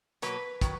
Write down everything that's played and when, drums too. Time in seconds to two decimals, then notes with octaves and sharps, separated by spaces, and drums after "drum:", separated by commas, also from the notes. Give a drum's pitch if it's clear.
0.22 B2 F#3 A#3 B4, drum: hi-hat
0.61 D#3 F#3, drum: kick, hi-hat